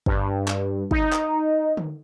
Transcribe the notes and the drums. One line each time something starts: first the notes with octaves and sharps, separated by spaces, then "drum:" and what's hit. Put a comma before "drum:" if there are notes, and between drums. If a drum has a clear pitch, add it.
G2, drum: kick
drum: clap
D#4, drum: kick
drum: clap
drum: tom D3